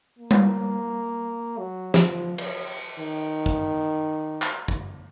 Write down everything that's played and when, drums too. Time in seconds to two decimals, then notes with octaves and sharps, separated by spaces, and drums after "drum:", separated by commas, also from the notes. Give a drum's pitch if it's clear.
0.19 A#3
0.31 drum: tom G3
1.59 F#3
1.94 F3, drum: snare
2.38 drum: cymbal
2.99 D#3
3.46 drum: kick
4.42 drum: clap
4.68 drum: kick